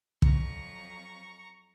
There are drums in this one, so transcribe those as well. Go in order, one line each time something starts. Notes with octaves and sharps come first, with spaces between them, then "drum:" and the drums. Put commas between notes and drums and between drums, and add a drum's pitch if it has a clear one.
F2 F#3 A#5 C#6, drum: kick